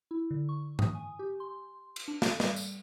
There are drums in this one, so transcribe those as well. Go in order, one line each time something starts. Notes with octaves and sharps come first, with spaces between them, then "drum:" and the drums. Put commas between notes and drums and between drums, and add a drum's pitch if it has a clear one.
E4
D3
C#6
D#6, drum: tom G2
G#5
G4
C6
drum: cymbal
D4
A4, drum: snare
G3, drum: snare
drum: tambourine